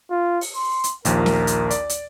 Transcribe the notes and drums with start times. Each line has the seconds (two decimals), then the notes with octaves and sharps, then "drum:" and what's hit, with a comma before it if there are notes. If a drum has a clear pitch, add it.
0.10 F4
0.41 drum: open hi-hat
0.56 C6
0.84 drum: hi-hat
1.05 A#1 D#2 F3 A#4, drum: hi-hat
1.26 drum: snare
1.47 drum: hi-hat
1.70 D5, drum: hi-hat
1.89 drum: hi-hat